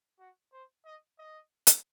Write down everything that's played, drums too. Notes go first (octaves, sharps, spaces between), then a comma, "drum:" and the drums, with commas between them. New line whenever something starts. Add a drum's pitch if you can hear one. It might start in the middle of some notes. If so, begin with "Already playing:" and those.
F#4
C5
D#5
D#5
drum: hi-hat